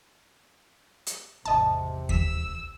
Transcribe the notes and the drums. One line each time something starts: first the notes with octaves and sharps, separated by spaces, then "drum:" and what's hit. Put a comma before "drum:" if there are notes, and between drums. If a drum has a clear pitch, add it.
drum: hi-hat
G#1 E2 C3 D#5 A5
E6 B6, drum: kick D#2